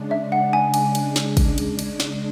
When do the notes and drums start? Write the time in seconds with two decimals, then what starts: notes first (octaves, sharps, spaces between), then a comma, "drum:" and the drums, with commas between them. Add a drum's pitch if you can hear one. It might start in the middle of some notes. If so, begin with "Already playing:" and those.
Already playing: C#3 G#3 D4
0.11 E5
0.32 F#5
0.53 G#5
0.74 G#5, drum: cymbal
0.95 drum: cymbal
1.16 drum: snare
1.37 drum: kick, cymbal
1.58 drum: cymbal
1.79 drum: cymbal
2.00 drum: snare